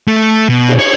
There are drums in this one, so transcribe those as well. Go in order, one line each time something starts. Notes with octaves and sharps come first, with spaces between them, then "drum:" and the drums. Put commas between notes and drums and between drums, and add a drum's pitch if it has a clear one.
A3
B2
drum: cymbal
C#5